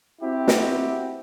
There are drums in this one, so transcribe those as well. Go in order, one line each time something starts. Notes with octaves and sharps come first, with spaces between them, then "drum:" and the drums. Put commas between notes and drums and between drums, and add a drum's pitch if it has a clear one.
C4 E4 F#4 G4
drum: snare